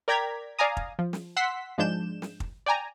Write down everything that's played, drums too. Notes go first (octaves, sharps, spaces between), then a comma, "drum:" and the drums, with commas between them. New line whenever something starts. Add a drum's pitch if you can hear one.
A#4 D5 G5 A#5 G#6 B6
D5 F5 G#5 A#5 D#6
drum: kick
F3
drum: snare
F#5 C6 E6 B6
G#2 F3 G#3 D4 G6 E7
drum: snare
drum: kick
D5 G5 G#5 A#5